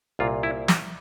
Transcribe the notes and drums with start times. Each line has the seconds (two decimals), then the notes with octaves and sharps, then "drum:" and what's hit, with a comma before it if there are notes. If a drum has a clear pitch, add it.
0.19 C2 A#2 F4
0.43 E4
0.68 G3, drum: snare